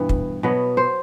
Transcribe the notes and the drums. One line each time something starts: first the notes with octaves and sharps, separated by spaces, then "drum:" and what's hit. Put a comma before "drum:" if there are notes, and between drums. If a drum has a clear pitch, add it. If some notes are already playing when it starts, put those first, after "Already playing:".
Already playing: G2 B2 E3 B3
drum: kick
B2 F#3 B3
C5